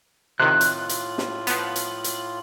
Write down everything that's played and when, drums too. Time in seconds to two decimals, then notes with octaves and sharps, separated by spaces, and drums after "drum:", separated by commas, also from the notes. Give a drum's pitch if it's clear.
0.40 A2 C3 D#3 F4 F#6
0.61 drum: hi-hat
0.89 drum: hi-hat
1.18 drum: snare
1.47 F3 B3, drum: hi-hat
1.76 drum: hi-hat
2.04 drum: hi-hat